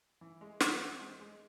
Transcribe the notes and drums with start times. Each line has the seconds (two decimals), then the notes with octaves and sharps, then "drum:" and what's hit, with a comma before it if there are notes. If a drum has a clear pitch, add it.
0.21 E3
0.41 G#3
0.61 E3, drum: snare
0.80 C4
1.00 G#3
1.20 G#3